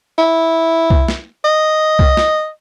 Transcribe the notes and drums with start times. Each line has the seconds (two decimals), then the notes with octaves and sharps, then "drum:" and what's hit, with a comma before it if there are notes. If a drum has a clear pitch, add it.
0.19 E4
0.90 drum: kick C2
1.08 drum: snare
1.45 D#5
1.99 drum: kick C2
2.17 drum: snare